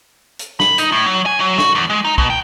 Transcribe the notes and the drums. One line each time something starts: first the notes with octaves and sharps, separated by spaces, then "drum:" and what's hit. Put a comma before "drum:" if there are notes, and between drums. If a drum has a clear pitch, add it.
drum: hi-hat
B5, drum: snare
D#4, drum: hi-hat
A2
F#3
G#5
F#3
F#4, drum: snare
E2
G#3
D#4
B2, drum: kick
G5